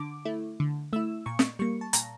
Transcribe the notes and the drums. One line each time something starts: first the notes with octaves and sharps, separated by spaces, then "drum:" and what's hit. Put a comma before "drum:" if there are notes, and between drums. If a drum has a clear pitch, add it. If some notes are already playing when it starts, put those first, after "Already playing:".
Already playing: D3 D6
A3 E4
D3
A3 E4 E6
A#2 C#6
drum: snare
G3 A#3 C#6
A5
A#2 A#5, drum: hi-hat